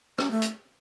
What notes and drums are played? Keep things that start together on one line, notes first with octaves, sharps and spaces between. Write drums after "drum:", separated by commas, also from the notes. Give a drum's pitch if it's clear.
C#4, drum: rim click
A3
drum: hi-hat